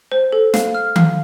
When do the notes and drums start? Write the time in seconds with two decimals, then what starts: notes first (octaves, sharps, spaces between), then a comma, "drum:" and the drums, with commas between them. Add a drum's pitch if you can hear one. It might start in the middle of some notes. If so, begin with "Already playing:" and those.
0.12 C5
0.32 A4
0.54 F5, drum: snare
0.75 F6
0.96 F5, drum: tom D#3